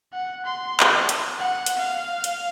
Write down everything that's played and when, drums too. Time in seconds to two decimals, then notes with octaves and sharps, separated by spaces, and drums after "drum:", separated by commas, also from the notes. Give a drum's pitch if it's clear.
0.13 F#5
0.46 C6
0.80 drum: clap
1.09 drum: hi-hat
1.38 F#5
1.66 drum: hi-hat
1.77 F5
2.24 drum: hi-hat